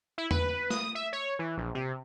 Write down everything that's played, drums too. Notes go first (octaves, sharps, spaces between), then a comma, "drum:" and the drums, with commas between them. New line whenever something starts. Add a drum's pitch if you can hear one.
E4
B4, drum: tom E2
D#6, drum: snare
E5
C#5
E3
A#1
C3